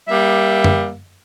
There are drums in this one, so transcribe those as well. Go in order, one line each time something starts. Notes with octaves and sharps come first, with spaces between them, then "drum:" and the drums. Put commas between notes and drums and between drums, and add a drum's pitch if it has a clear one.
G3 A#3 E5
drum: tom F#2